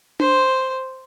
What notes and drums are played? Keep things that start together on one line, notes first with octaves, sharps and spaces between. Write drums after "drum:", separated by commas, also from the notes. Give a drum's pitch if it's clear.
C5, drum: tom D4